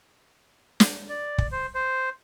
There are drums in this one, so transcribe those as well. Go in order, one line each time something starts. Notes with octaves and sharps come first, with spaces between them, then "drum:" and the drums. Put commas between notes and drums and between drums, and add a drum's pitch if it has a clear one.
drum: snare
D5
drum: kick
C5
C5